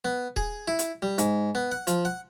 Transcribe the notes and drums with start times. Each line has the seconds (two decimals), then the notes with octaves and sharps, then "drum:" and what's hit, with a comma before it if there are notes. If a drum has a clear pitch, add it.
0.05 B3
0.36 G#4, drum: kick D#1
0.68 E4
0.79 drum: hi-hat
1.02 G3
1.18 G#2, drum: hi-hat
1.55 B3
1.72 F#5
1.87 F3, drum: hi-hat
2.05 F#5